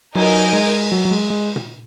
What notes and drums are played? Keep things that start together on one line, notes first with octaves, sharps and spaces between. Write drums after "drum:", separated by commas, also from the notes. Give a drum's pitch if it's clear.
F#3 D#4 A#4 D#5 G#5, drum: cymbal
G#3
F#3
F#3
G#3
G#3
drum: tom A#2